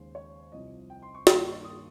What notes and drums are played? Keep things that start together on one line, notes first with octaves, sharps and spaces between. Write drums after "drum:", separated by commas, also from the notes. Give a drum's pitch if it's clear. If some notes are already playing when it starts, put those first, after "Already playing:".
Already playing: D#2 C#3 G#3 C#4 C5
C#5
C2 C3 F3 D#5
G5
C6
C#6
G2 D#3 A#3 C6, drum: snare
C#6
D#6